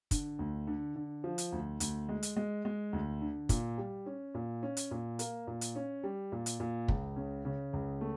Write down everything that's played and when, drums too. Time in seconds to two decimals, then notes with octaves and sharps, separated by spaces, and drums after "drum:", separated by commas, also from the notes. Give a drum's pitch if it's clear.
0.11 D3, drum: kick, hi-hat
0.39 D2
0.67 D3
0.96 D3
1.24 F3
1.38 drum: hi-hat
1.52 D2
1.80 D2, drum: hi-hat
2.09 G#3
2.23 drum: hi-hat
2.36 G#3
2.65 G#3
2.93 D2
3.21 D3
3.49 A#2, drum: kick, hi-hat
3.78 G3
4.06 C#4
4.34 A#2
4.63 C#4
4.77 drum: hi-hat
4.91 A#2
5.19 A#3, drum: hi-hat
5.47 A#2
5.61 drum: hi-hat
5.75 C#4
6.03 G3
6.32 A#2
6.46 drum: hi-hat
6.60 A#2
6.88 C#2, drum: kick
7.16 C#3
7.45 C#3
7.73 C#2
8.01 A3